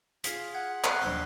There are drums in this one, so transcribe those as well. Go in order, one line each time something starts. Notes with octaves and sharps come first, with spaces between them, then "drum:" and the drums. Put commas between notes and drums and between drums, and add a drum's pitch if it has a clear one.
F4 G#4 C6 B6, drum: hi-hat
F#5 G#6
F#6 C7, drum: clap
A#1 D#2 C4 G7